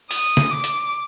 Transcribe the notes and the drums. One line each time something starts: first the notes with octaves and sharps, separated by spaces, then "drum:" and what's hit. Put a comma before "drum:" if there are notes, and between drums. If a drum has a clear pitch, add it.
D#6, drum: open hi-hat
drum: snare
D6
drum: hi-hat